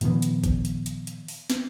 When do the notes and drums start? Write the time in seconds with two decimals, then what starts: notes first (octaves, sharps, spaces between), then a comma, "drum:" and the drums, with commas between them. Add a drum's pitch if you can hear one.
0.01 A#2 D#3 F3 B3, drum: hi-hat
0.22 drum: hi-hat
0.44 drum: kick G#1, hi-hat
0.65 drum: hi-hat
0.86 drum: hi-hat
1.07 drum: hi-hat
1.28 drum: open hi-hat
1.50 drum: snare